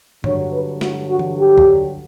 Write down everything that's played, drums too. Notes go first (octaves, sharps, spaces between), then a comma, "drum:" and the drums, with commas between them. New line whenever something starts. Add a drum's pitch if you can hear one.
G2 D3 F#3 C#5, drum: tom G2
B4
F#4, drum: snare
F#4
drum: tom E3
G4
drum: kick